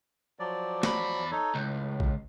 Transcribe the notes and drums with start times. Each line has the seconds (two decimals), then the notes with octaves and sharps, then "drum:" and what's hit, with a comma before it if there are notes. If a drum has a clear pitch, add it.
0.39 F3 F#3 D5
0.83 E2 B5, drum: snare
1.32 D#4 A4 C#5
1.55 C#2 A2
2.00 drum: kick